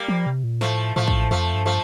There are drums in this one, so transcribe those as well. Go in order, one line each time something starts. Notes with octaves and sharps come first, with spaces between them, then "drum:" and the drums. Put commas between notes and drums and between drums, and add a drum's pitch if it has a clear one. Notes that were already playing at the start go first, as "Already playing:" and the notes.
Already playing: G3 A#3
F3
C3
A#2
A2 F3 A3, drum: snare
A2 F3 A3
drum: kick
F2 F3 A3
G2
F3 A3